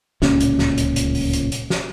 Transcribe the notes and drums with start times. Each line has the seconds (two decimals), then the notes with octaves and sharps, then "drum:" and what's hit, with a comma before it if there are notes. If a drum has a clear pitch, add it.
0.22 D1 C#2 A#2 C#4, drum: snare
0.40 drum: hi-hat
0.59 drum: snare
0.77 drum: hi-hat
0.96 drum: hi-hat
1.15 drum: open hi-hat
1.33 drum: hi-hat
1.52 drum: hi-hat
1.70 drum: snare